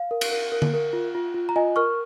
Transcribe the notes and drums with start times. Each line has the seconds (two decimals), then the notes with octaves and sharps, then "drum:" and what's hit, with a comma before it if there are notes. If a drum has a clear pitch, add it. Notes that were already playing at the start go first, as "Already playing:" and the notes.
Already playing: F5
0.11 A#4
0.21 drum: cymbal
0.32 A#4
0.52 A#4
0.62 drum: tom D3
0.74 A#4
0.93 F4
1.15 F4
1.34 F4
1.49 A#5
1.56 F4 D#5 G#5
1.76 A#4 C#6 F6